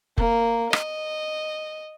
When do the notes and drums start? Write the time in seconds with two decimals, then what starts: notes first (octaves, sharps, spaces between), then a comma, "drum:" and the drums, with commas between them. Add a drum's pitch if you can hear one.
0.18 A#3, drum: kick F1
0.73 D#5, drum: rim click